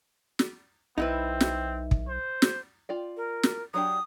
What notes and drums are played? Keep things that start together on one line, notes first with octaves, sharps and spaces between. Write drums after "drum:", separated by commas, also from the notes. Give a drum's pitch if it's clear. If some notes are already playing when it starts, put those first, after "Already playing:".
drum: snare
B1 C4 D#4 E4 B4
drum: snare
drum: kick
C5
drum: snare
F4 D5 G5
A#4
drum: snare
F#3 D4 G4 D#6